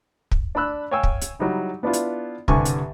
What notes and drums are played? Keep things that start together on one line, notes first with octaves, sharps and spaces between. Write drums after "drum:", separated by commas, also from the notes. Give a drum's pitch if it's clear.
drum: kick
D4 D5 B5 E6 F#6
C#5 F5 G5 G#5 C#6 E6
drum: kick
drum: hi-hat
F#3 G3 D#4 E4
B3 D4 E4 F4
drum: hi-hat
C2 G2 D3 G#5 C#6, drum: kick
drum: hi-hat